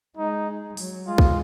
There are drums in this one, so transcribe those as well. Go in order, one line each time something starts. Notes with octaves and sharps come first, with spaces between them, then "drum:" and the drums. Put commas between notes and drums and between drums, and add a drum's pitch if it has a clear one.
G#3 D#4
F#3, drum: open hi-hat
G#3 F4
drum: kick